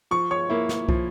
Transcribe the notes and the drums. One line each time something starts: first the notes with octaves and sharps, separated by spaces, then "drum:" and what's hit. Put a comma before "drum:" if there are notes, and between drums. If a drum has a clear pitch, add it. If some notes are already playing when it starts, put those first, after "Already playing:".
F3 C#6
C#5 C#6
A#3 E4
drum: snare
F3, drum: kick